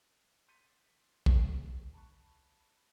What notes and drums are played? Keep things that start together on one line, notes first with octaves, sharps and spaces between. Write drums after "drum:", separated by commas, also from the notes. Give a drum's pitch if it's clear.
C6 G6 A6 B6 C#7 D#7
G3 A#3 C#4 E4 G#4, drum: kick A1
A5 B5 C#6 F#6